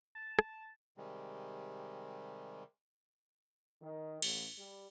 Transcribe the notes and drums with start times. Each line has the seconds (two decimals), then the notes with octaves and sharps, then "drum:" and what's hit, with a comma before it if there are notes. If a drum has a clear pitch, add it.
0.15 A5
0.39 drum: rim click
0.97 C3 D#3 G3 G#3
3.82 D#3
4.22 A1, drum: cymbal
4.58 G3